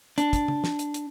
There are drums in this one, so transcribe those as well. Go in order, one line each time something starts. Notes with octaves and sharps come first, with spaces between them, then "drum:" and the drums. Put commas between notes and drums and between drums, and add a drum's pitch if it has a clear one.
D4, drum: hi-hat
drum: kick, hi-hat
drum: tom C#3
drum: snare
drum: hi-hat
drum: hi-hat